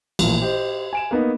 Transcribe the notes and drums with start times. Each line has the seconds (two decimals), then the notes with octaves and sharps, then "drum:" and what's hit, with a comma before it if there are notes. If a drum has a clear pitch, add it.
0.19 A1 A#2 F3, drum: cymbal
0.41 G4 C5 D#5
0.93 G#5 D7 E7
1.11 A#3 B3 D#4